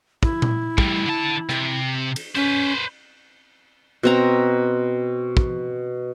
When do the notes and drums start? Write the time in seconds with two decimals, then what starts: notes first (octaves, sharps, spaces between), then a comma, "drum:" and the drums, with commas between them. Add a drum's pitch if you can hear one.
0.23 E4, drum: kick
0.42 drum: tom A#2
0.78 A2 G3, drum: kick
1.07 D3 A5
1.49 C3, drum: rim click
2.16 drum: cymbal
2.35 C#4 B4 C5
4.03 B2 C4 A#5
5.37 drum: kick